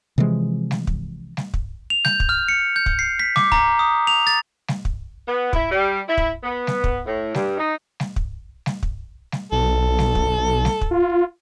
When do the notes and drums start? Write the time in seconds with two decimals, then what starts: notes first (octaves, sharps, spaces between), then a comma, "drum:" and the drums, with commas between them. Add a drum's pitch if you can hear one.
0.18 C3 E3 F3 G#3
0.71 drum: snare G3
0.87 drum: kick
1.37 drum: snare G3
1.54 drum: kick
1.90 F7
2.05 G6, drum: snare G3
2.20 drum: kick
2.29 F6
2.49 C#7
2.76 G6
2.86 drum: kick
2.99 C7
3.20 B6
3.36 D6, drum: snare G3
3.52 A#5, drum: kick
3.79 D#6
4.07 F7
4.27 A6
4.68 drum: snare G3
4.85 drum: kick
5.27 B3
5.53 E4, drum: kick
5.71 G3
6.08 E4
6.17 drum: kick
6.43 B3
6.67 drum: snare G3
6.84 drum: kick
7.06 A2
7.35 G2, drum: snare G3
7.58 D#4
8.00 drum: snare G3
8.16 drum: kick
8.66 drum: snare G3
8.83 drum: kick
9.32 drum: snare G3
9.52 B1 A4
9.99 drum: snare G3
10.15 drum: kick
10.65 drum: snare G3
10.81 drum: kick
10.91 F4